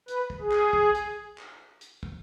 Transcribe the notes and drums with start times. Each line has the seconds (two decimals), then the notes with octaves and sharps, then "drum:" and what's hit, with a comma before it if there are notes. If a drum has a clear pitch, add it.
0.08 B4, drum: hi-hat
0.30 drum: kick
0.41 G#4
0.52 drum: clap
0.73 drum: kick
0.95 drum: hi-hat
1.38 drum: clap
1.81 drum: hi-hat
2.03 drum: kick